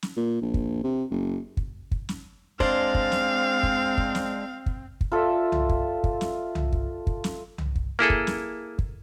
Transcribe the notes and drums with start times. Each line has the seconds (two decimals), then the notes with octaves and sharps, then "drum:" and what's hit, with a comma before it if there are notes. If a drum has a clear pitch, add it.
0.03 drum: snare
0.16 A#2
0.41 A#1
0.54 drum: kick
0.83 C3
1.11 F#1
1.57 drum: kick
1.91 drum: kick
2.09 drum: snare
2.60 G#3 C4 D4 C5 D5 F5, drum: kick
2.95 drum: kick
3.12 drum: snare
3.63 drum: kick
3.98 drum: kick
4.15 drum: snare
4.66 drum: kick
5.01 drum: kick
5.12 F4 A4 D5 E5
5.52 drum: tom C2
5.69 drum: kick
6.04 drum: kick
6.21 drum: snare
6.55 drum: tom C2
6.72 drum: kick
7.07 drum: kick
7.24 drum: snare
7.58 drum: tom C2
7.75 drum: kick
7.99 A#3 E4 G#4 A4
8.10 drum: kick
8.27 drum: snare
8.79 drum: kick